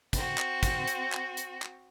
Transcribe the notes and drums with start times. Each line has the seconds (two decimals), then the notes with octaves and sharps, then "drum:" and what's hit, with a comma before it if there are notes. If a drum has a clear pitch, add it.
0.13 C4 F#4, drum: kick, hi-hat
0.38 drum: clap
0.63 drum: kick, hi-hat
0.88 drum: hi-hat
1.12 drum: clap
1.37 drum: hi-hat
1.62 drum: clap